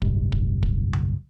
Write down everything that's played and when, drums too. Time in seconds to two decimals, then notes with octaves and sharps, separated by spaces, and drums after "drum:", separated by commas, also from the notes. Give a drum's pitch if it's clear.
0.02 F#1 B1 G#2 G3, drum: kick
0.32 drum: kick
0.63 drum: kick
0.93 drum: tom C#3